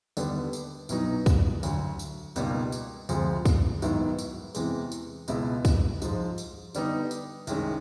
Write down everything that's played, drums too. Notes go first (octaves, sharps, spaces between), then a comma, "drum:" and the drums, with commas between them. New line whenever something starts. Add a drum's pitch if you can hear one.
D#2 D3 G3 B3, drum: tambourine
drum: tambourine
C2 B2 F#3 B3 D#4, drum: tambourine
drum: kick, tambourine
D2 D3 F#3, drum: tambourine
drum: tambourine
C#2 B2 G3 A#3 D#4, drum: tambourine
drum: tambourine
D2 C3 F3 G#3, drum: tambourine
drum: kick, tambourine
G#2 D#3 F#3 B3 E4, drum: tambourine
drum: tambourine
E2 C3 E3 G#3, drum: tambourine
drum: tambourine
C#2 B2 G#3 B3 E4, drum: tambourine
drum: kick, tambourine
G#2 F3 G#3, drum: tambourine
drum: tambourine
D3 G3 B3 D#4, drum: tambourine
drum: tambourine
C2 C3 D#3 G#3 C#4, drum: tambourine